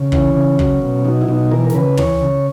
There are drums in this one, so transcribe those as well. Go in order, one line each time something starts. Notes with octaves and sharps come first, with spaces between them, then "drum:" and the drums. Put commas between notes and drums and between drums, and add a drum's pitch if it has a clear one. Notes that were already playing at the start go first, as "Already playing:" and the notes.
Already playing: C#3
E3 C#4, drum: kick
C#3
F#3, drum: kick
B2
F#3 D#4
E4
B2 D#4
E3 A#4
A#4, drum: snare
C#3 B4
E3 C#5, drum: tom
C#3